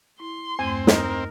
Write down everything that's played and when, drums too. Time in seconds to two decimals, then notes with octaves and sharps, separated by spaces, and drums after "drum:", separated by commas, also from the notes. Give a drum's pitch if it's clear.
0.20 E4 C6
0.59 E2 G2 A3 C4 G#5
0.87 D#4 A#4, drum: snare